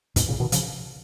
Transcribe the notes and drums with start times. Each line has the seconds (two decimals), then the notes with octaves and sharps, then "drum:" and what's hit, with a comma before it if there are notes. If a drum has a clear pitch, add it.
0.16 G#2 B2, drum: kick, hi-hat
0.28 A#2 C#3
0.40 B2 D#3
0.52 C#3 F3, drum: hi-hat